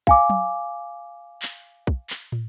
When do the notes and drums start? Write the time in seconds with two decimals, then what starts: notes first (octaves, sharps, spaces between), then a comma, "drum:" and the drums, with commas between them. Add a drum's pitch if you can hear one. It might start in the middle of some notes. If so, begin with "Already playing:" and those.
0.07 F5 G#5 D6, drum: kick
0.30 drum: tom F#3
1.42 drum: clap
1.87 drum: kick
2.10 drum: clap
2.32 drum: tom